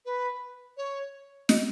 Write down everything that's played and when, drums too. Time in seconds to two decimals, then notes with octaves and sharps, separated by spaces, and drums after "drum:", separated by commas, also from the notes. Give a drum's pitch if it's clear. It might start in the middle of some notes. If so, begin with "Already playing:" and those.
0.06 B4
0.77 C#5
1.49 D#5, drum: snare